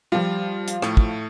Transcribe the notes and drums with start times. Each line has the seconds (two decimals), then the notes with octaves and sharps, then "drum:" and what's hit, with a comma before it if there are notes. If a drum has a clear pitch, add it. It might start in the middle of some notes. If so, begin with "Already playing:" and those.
0.12 F3 G3 F4
0.68 drum: hi-hat
0.82 A2 A3, drum: rim click
0.97 drum: kick